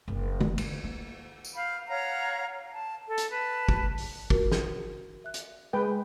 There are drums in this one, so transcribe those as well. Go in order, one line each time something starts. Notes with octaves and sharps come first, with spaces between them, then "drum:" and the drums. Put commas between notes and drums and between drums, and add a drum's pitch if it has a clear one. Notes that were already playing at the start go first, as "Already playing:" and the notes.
F#1 D4
D3 E3, drum: tom
D2, drum: cymbal
A#3
drum: tambourine
F5 B5 G6
C#5 F5 F#5 A#5
A5
A4
drum: hi-hat
B4 A5
drum: kick
drum: open hi-hat
F4 F#4 A#4, drum: kick
drum: snare
E5 F#6
drum: hi-hat
G#3 B4 G5